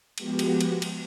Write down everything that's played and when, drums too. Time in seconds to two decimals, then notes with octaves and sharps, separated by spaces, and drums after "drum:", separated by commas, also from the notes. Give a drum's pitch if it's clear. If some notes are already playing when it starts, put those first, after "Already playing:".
0.18 F3 G#3 B3 F#4 G4, drum: cymbal
0.39 drum: cymbal
0.61 drum: cymbal
0.82 drum: cymbal